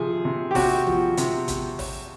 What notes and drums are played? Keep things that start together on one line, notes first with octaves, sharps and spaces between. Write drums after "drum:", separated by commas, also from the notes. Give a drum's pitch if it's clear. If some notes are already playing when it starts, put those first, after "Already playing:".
Already playing: C3 F3 G#4
C3
G4
C3 F#4, drum: kick, open hi-hat
F3, drum: kick
C3, drum: hi-hat
drum: kick, hi-hat
drum: kick, open hi-hat